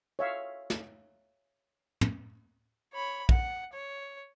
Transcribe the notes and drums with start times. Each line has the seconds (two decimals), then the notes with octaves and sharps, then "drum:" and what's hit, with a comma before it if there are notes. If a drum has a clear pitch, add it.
0.19 C#5 E5 F5
0.70 drum: snare
2.01 drum: tom
2.94 C#5 B5
3.29 F#5, drum: kick
3.74 C#5